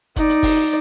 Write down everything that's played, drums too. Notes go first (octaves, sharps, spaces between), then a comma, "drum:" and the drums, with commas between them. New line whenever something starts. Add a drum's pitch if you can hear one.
D#4 D5, drum: kick F#1, hi-hat
drum: hi-hat
drum: kick F#1, open hi-hat
drum: hi-hat